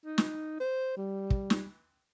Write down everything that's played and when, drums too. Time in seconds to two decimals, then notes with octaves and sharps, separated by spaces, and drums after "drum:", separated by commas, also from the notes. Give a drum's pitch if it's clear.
0.05 D#4
0.18 drum: snare
0.60 C5
0.97 G3
1.30 drum: kick
1.50 drum: snare